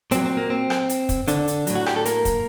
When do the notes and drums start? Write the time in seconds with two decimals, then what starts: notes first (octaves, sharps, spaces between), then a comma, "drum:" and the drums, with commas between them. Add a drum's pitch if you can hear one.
0.11 A#2 F#3 C4, drum: hi-hat
0.25 C4
0.37 A#3
0.50 C4
0.70 drum: rim click
0.89 drum: hi-hat
1.09 drum: kick, hi-hat
1.28 D3 D4, drum: hi-hat
1.48 drum: hi-hat
1.67 A2 F#3, drum: hi-hat
1.75 F#4
1.86 G4, drum: rim click
1.96 A4
2.05 A#3 A#4, drum: hi-hat
2.25 drum: kick, hi-hat